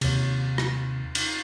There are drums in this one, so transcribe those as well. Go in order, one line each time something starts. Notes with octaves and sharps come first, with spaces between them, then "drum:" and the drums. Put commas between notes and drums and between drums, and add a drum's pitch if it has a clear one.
D#2 C3, drum: cymbal
drum: rim click
drum: cymbal